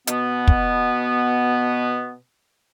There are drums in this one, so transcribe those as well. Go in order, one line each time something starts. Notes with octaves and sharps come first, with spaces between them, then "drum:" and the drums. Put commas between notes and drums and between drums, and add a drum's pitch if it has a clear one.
B2 B3, drum: hi-hat
drum: kick